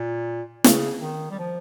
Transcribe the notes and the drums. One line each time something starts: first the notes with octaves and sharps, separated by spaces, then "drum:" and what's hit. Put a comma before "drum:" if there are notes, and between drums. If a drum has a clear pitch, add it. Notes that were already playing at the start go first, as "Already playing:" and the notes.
Already playing: A#2
C#3, drum: snare
D#3
G3
F3